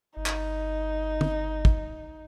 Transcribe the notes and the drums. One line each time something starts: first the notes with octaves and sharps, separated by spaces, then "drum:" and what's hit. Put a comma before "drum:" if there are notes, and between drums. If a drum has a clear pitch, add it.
G1 D#4
drum: clap
drum: tom
drum: kick